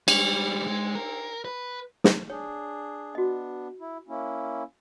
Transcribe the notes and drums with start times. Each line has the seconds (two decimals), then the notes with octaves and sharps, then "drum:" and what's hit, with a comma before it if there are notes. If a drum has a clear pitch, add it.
0.08 G3 G#3, drum: cymbal
0.67 G#3
0.95 A#4
1.45 B4
2.04 drum: snare
2.30 D4 G#4 C#5
3.15 B3 D4 F#4 D#5
3.80 E4
4.08 A#3 C#4 E4